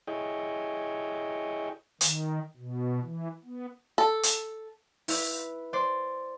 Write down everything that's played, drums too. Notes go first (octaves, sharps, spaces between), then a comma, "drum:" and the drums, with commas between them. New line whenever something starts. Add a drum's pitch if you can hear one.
E4 G#4 C#5 D#5 G5
D#3, drum: hi-hat
B2
E3
B3
A4
drum: hi-hat
E4 B4, drum: open hi-hat
C5 D5